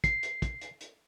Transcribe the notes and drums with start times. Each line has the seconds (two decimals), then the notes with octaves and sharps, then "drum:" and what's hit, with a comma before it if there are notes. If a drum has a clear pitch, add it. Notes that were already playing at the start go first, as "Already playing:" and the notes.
0.04 C7, drum: kick, hi-hat
0.23 drum: hi-hat
0.42 drum: kick, hi-hat
0.61 drum: hi-hat
0.81 drum: hi-hat